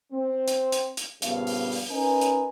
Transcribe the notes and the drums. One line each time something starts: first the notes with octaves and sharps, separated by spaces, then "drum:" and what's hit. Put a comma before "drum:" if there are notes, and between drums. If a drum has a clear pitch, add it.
C4
drum: hi-hat
drum: hi-hat
drum: hi-hat
A#1 G2 C#3 B3 F5, drum: hi-hat
drum: open hi-hat
drum: open hi-hat
C#4 D#4 A#4 B4 G#5
drum: hi-hat